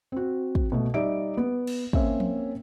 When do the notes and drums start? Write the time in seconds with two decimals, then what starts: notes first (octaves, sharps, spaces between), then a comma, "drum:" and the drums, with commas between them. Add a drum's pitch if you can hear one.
0.12 C4 F#4
0.55 drum: kick
0.72 B2 A3
0.94 G3 D#4 D5 E5 D7
1.37 B3
1.67 drum: cymbal
1.93 A#3 C4 C#4 E5, drum: kick
2.20 drum: tom F3